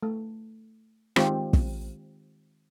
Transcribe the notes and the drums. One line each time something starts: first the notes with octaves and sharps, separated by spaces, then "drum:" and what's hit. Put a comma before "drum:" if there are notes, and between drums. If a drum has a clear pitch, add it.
A3
D#3 G#3 C4 F4 G4, drum: rim click
drum: kick